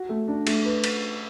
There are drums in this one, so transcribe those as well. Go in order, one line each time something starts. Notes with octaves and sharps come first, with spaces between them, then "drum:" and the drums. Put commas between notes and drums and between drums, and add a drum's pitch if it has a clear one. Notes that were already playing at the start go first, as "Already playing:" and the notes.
Already playing: F#4
A3
D4
A3, drum: cymbal
B4
drum: cymbal